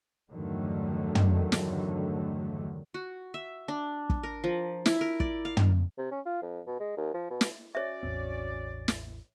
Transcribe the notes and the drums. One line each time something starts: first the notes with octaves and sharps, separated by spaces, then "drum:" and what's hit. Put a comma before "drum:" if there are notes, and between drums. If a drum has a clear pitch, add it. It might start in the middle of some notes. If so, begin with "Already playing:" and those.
E2 G2 D3 D#3 F#3 A3
drum: tom
drum: snare
F#4
E5
D4
drum: kick
A#4
F3
E4, drum: snare
A#4
D5, drum: kick
F5
drum: tom
C3
C#4
F4
F2
B2
G#3
D#2
F3
B2
drum: snare
C#4 F#4 C#5 D5 E5
A1 E2 C4
drum: snare